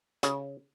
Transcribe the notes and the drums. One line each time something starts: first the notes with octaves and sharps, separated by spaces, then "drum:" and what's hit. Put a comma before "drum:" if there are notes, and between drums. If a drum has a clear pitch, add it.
C#3, drum: hi-hat